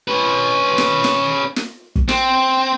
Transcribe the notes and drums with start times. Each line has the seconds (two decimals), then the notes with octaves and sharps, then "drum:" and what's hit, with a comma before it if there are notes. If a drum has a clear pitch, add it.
0.08 C#4 B4
0.78 drum: snare
1.04 drum: snare
1.56 drum: snare
1.96 drum: kick
2.09 C4, drum: snare